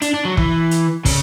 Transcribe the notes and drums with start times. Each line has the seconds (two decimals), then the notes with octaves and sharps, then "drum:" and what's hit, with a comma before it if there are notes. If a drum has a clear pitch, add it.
0.02 D4, drum: hi-hat
0.14 D4
0.25 F#3
0.37 E3, drum: kick
0.71 drum: hi-hat
1.05 C#3, drum: kick, open hi-hat